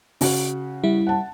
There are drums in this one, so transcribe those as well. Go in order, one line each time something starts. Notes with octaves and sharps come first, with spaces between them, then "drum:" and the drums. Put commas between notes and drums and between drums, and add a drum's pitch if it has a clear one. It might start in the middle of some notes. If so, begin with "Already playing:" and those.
C#3 F#4, drum: open hi-hat
G3 E4
F#5 A5